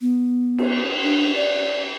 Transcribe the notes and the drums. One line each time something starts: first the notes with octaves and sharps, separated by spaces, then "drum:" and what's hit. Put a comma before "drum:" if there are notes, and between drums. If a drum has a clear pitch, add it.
B3
drum: cymbal
D4
D5